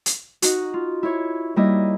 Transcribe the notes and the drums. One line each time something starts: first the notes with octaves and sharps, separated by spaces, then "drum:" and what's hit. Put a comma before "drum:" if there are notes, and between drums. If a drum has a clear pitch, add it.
drum: hi-hat
D#4 F#4, drum: hi-hat
F4
E4 C#5
G3 A#3 D#4 E4 D#5